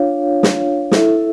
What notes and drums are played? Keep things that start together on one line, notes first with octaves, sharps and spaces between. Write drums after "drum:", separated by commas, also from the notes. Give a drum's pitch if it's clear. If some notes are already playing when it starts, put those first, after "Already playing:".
Already playing: D4 F4 C#5 F5
drum: snare
E4 A4 E5, drum: snare